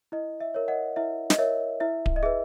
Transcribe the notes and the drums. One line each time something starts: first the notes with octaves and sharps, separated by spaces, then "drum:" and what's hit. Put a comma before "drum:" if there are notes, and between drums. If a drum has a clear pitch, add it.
E4 D#5
E5
A#4 C#5
D#5 F#5
E4 E5
D#5, drum: snare
A#4 C#5 E5
E4 E5
drum: kick D1
D#5
G#4 B4 E5